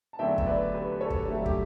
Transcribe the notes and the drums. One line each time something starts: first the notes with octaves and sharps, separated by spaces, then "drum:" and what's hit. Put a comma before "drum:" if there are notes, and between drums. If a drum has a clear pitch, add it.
A5
E2 D3 F#3 A3 E5 G5
E5, drum: kick
B4 D5
G4 B4
A4 C#5
drum: kick
G2 F#3 A3 G4
A4
G4, drum: kick